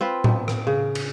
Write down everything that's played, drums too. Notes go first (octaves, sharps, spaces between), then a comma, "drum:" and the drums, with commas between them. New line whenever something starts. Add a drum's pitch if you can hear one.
C4 F4 B4
drum: tom A2
drum: rim click
C#3
drum: cymbal